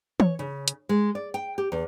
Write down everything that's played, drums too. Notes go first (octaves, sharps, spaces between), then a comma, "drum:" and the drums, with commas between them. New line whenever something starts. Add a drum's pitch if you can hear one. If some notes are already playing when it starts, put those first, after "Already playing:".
C#5, drum: tom
C#3
drum: hi-hat
G#3
D5
G5
G4
E2